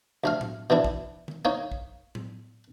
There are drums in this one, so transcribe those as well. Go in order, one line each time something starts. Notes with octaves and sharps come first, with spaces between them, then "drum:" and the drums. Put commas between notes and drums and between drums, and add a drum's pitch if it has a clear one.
D2 A3 F5
drum: tom A2
B2 E3 D4 E4
drum: kick
drum: tom D3
A#3 D#4 C#5
drum: kick
drum: tom A2